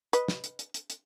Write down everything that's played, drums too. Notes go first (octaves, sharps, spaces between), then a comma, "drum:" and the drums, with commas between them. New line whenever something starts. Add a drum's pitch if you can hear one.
B4 D#5, drum: hi-hat
drum: snare
drum: hi-hat
drum: hi-hat
drum: hi-hat
drum: hi-hat